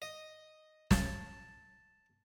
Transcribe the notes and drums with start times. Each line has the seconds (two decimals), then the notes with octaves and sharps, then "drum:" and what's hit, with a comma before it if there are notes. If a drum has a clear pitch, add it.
0.02 D#5
0.91 A5, drum: snare